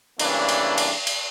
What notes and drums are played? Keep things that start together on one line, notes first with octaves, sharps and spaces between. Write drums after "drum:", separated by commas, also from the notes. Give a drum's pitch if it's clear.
C#3 E3 G3 A3 A#3 D4, drum: cymbal
drum: cymbal
drum: cymbal
drum: cymbal